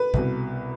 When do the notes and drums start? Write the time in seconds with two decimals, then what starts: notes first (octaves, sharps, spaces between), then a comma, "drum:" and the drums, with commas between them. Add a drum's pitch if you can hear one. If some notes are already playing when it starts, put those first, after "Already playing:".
Already playing: B4
0.14 C2 B2, drum: kick